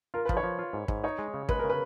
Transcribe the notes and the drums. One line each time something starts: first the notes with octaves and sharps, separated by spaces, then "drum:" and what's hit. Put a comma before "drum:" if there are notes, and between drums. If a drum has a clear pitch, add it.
F4 A#4
B4
F3, drum: kick
C#5
F3
F4
G#2
G#2, drum: kick
D#4 C#5
G#3
C#3
G#3 B4, drum: kick
C#3 A#4
B4